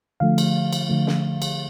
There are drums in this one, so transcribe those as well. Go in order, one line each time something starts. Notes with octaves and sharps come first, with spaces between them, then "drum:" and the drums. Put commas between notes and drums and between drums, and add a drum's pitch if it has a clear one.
D3 F3 A3 F5
drum: cymbal
drum: cymbal
D3 F3 A3
drum: snare
drum: cymbal